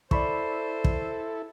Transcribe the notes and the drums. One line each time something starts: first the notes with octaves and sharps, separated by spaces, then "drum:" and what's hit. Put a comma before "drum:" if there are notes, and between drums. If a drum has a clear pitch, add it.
E4 A4 C5 D5 B5 C#6, drum: kick
drum: kick